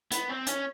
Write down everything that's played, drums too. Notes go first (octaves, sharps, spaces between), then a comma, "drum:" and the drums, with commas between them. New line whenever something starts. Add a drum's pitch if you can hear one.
B3, drum: hi-hat
C4
C#4, drum: hi-hat